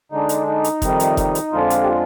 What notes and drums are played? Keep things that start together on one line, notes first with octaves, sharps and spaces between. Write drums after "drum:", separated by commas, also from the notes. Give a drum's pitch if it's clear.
D3 G#3 D4 D#4
drum: hi-hat
D#4
drum: hi-hat
F2 C3 D#3 G3, drum: kick F#1, hi-hat
drum: hi-hat
drum: kick F#1, hi-hat
drum: hi-hat
F2 D3 F3 G#3 D4 F4
drum: hi-hat
G4
F4